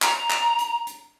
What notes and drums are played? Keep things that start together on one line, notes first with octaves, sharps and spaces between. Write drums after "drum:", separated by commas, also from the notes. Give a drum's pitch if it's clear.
A#5, drum: clap
drum: clap
drum: hi-hat
drum: hi-hat